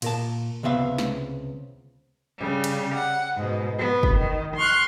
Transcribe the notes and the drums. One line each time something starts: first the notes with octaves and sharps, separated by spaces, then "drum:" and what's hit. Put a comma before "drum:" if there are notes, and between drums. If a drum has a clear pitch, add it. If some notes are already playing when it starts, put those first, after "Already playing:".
A#2 A#4 A5, drum: cymbal
C#2 C3 B3 B4 E5 F5
drum: snare
C#3 G3
drum: cymbal
F#5
G#2 B2
B3
drum: kick
D#3
C6 C#6 F6 F#6